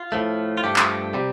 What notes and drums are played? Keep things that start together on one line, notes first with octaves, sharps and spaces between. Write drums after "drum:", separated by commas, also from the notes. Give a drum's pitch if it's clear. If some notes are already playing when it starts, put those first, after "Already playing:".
Already playing: F4
A2 F3 A3
F4
G2 F3 A3 G4
drum: clap
C3 G3